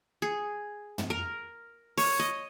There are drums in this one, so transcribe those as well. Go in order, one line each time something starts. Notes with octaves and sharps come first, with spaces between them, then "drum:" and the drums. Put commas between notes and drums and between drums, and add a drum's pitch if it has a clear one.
G#4
drum: tom
A#4
C#5, drum: open hi-hat
D#5